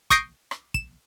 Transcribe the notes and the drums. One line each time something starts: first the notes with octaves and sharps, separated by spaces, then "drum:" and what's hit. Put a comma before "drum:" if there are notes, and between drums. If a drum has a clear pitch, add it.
C#6 D#6 G6 A#6 C7 D7, drum: kick
drum: rim click
E7, drum: kick